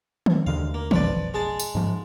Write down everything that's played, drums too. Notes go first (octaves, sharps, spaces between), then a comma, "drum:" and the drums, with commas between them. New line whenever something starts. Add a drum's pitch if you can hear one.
drum: tom D#3
D#2 D3 D#3 F5
A#3
F#1 B1 F2 F3 B4 D5, drum: tom D#3
G#3 G#4 A5
drum: tambourine
G#2 F3